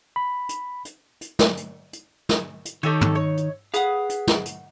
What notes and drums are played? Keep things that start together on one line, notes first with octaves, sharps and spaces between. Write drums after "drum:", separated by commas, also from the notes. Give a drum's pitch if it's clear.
B5
drum: hi-hat
drum: hi-hat
drum: hi-hat
drum: snare
drum: hi-hat
drum: hi-hat
drum: snare
drum: hi-hat
D#3 D#4 G4 A4 C#5
drum: tom
C#5
drum: hi-hat
G#4 B4 F5 F#5, drum: hi-hat
drum: hi-hat
drum: snare
drum: hi-hat